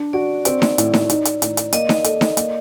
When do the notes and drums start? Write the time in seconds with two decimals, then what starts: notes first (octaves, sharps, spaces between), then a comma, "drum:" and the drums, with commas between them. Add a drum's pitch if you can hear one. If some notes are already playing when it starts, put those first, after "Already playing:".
Already playing: D4
0.13 F#4 D5
0.45 C4 D5, drum: hi-hat
0.62 drum: snare D#4
0.78 A2, drum: hi-hat
0.94 drum: snare D#4
1.10 D#4, drum: hi-hat
1.25 drum: hi-hat
1.42 A2, drum: hi-hat
1.57 drum: hi-hat
1.73 A#3 D#5, drum: hi-hat
1.89 drum: snare D#4
2.04 A4, drum: hi-hat
2.21 drum: snare D#4
2.37 A#3, drum: hi-hat